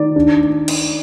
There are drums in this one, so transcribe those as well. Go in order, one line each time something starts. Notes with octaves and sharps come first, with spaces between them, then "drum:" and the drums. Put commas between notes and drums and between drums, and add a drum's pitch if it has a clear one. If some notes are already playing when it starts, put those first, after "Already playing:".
Already playing: D#3 D5
D4
drum: cymbal